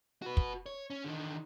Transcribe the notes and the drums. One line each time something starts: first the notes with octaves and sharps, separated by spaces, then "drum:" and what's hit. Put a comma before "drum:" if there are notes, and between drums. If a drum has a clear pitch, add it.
F#4 B4
drum: kick
C#5
C#4
D3 D#3